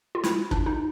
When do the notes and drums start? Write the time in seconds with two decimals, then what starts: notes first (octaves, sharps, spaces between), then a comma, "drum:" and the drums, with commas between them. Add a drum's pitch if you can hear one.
0.15 F4
0.24 E4, drum: snare
0.51 D4, drum: kick
0.66 D#4